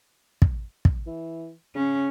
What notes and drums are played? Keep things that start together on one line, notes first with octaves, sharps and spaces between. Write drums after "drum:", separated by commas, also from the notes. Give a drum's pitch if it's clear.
drum: kick
drum: kick
E3
C#3 C#4